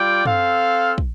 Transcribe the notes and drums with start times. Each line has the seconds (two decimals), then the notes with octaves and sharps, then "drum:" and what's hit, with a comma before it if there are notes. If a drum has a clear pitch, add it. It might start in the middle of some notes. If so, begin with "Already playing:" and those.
Already playing: G3 F4 D5 G5
0.25 C4 A4 F5, drum: tom
0.98 drum: kick